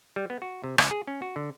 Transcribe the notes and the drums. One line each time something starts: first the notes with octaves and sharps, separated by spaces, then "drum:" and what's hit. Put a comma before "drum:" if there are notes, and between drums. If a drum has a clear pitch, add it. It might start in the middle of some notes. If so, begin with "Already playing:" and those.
G3
B3
F#4
C3
C#2, drum: rim click
G#4
C#4
F#4
D3